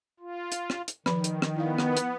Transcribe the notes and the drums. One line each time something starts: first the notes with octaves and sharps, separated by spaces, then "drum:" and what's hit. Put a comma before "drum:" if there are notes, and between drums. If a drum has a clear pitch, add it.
F4
drum: hi-hat
drum: rim click
drum: hi-hat
D#3 F3 B4 B5, drum: rim click
drum: hi-hat
drum: rim click
B3 E4 D5 F5
drum: rim click
drum: hi-hat